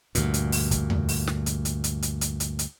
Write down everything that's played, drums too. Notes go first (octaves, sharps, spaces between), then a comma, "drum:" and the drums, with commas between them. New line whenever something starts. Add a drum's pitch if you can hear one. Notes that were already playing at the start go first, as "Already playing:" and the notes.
D2 G2 A#2, drum: hi-hat
drum: hi-hat
drum: open hi-hat
drum: kick, hi-hat
drum: tom E2
drum: open hi-hat
drum: snare
drum: hi-hat
drum: hi-hat
drum: hi-hat
drum: hi-hat
drum: hi-hat
drum: hi-hat
drum: hi-hat